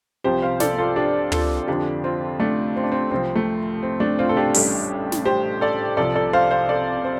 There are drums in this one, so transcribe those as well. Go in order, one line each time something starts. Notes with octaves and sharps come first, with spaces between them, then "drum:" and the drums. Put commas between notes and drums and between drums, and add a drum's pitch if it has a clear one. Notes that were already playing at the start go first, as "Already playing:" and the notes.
C2 C3 F3 G4 C5
C5 F5
A4 D5, drum: snare
F4 A4
D4 G4
F4 A4, drum: tom
F2 D3 F3 D4 G4
C4 F4
A3 D4
C4
D4
C4
C2 C3 F3 C4
A3
C4
A3 D4
C4 F4
A4
D4 G4
A1 A2 G3, drum: open hi-hat
drum: snare
G4 C5
A4 D5
C2 C3 F3 A4 D5
A4 D5
C5 F5
C5 F5
A4 D5
C5